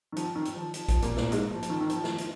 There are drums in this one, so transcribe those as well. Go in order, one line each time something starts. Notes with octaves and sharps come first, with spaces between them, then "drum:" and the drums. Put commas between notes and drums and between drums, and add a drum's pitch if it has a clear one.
D#3
F3, drum: hi-hat
D#3
drum: hi-hat
F3
F3, drum: hi-hat
F3, drum: kick A#1, hi-hat
A#2 A#3, drum: hi-hat
A#2 A#3, drum: snare
G#2 G#3, drum: hi-hat
F3
F3, drum: hi-hat
D#3
D#3
F3, drum: hi-hat
drum: snare
drum: hi-hat